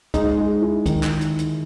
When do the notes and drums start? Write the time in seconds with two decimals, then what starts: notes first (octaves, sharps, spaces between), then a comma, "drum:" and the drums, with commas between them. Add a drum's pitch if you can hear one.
0.14 G#3 D#4, drum: kick D2, hi-hat
0.38 G#3
0.62 E4
0.86 D#3, drum: kick D2, hi-hat
1.03 drum: clap
1.21 drum: hi-hat
1.39 drum: hi-hat